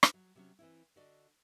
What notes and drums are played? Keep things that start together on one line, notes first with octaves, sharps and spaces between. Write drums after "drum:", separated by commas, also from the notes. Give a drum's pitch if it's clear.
drum: rim click
F#3
C3 F#3 C#4
E3 C4 E4
D3 F#4 D5 D#5